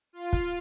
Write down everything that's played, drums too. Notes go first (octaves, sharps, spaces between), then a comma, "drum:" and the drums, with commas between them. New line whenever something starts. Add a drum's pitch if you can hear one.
F4
drum: kick